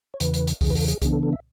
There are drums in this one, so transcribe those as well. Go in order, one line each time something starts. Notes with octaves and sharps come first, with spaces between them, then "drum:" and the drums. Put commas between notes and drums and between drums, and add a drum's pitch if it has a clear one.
C#5
E2 C#3 E3 B4, drum: hi-hat
drum: hi-hat
drum: hi-hat
E2 C#3 E3 G#4, drum: kick C2, open hi-hat
B4
A4, drum: open hi-hat
G#4, drum: hi-hat
C#3 E3 B3 D4 G#4, drum: kick C2, hi-hat
A4
A4
E5